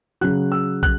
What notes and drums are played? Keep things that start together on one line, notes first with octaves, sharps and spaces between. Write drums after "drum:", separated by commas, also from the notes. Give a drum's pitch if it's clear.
C#3 F#3 F#6
E6
F#6, drum: kick